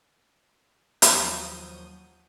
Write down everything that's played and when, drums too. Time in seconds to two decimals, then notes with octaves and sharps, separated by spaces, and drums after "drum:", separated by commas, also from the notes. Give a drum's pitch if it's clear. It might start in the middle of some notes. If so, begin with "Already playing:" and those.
1.02 D#2 F3 F#3 D#6 G6, drum: hi-hat